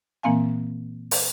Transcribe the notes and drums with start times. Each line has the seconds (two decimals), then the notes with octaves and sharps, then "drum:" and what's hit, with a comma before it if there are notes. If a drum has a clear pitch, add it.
0.23 A#2 E3 A#3 C4 F5 G#5
1.11 drum: open hi-hat